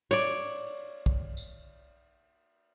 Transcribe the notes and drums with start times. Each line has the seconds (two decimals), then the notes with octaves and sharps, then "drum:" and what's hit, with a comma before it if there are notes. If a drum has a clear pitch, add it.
0.11 C#5 D5, drum: cymbal
1.06 drum: kick
1.37 drum: tambourine